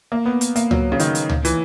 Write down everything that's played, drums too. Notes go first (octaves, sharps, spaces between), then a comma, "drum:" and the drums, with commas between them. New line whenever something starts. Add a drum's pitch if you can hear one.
A#3
B3
drum: hi-hat
A#3, drum: hi-hat
F#3, drum: tom C#2
C#3
D#3, drum: hi-hat
drum: hi-hat
drum: tom C#2
E3, drum: hi-hat